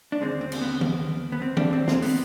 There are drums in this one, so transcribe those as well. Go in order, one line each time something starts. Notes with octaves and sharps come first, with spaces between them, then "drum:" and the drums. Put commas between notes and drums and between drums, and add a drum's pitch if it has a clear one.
D4
D#2 D3 G#3 C4
C4
drum: cymbal
B3
drum: tom D#3
B3
C4
D4, drum: tom D#3
C4
C4, drum: snare
B3, drum: open hi-hat